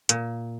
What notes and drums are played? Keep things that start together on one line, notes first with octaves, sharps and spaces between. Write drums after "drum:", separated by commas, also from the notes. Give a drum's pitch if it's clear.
A#2, drum: hi-hat